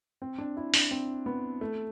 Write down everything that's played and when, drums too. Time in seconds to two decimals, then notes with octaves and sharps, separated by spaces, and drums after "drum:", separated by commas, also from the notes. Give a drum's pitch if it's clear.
0.22 C4
0.38 D4
0.57 E4
0.74 D4, drum: open hi-hat
0.91 C4
1.26 B3
1.61 A3